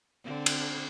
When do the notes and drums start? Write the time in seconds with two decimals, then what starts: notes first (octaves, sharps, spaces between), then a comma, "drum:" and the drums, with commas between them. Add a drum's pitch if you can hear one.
0.24 D3 C4
0.46 drum: cymbal